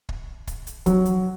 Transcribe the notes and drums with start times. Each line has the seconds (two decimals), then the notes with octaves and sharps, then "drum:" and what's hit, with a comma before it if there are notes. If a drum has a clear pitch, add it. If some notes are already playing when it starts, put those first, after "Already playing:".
0.09 drum: kick
0.47 drum: kick, hi-hat
0.67 drum: hi-hat
0.86 F#3, drum: kick, hi-hat
1.05 drum: hi-hat